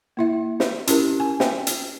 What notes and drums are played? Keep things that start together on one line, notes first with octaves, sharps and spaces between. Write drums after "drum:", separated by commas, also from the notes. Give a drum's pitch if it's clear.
A#3 E4 E5
drum: snare
C#4 E4 G4 A#4, drum: hi-hat
G#5
G5, drum: snare
drum: hi-hat